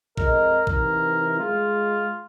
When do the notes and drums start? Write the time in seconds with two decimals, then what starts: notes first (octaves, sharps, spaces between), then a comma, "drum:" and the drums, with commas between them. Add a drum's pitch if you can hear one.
0.18 F2 G#3 A#4 D#5, drum: kick A#1
0.67 C3 D#3 E3 A#4, drum: kick A#1
1.39 G#3 F4